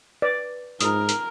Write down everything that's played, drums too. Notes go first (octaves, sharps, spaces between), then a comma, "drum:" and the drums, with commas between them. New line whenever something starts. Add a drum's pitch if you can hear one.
B4 D5
G#2 F4 A#4 D#6, drum: hi-hat
drum: hi-hat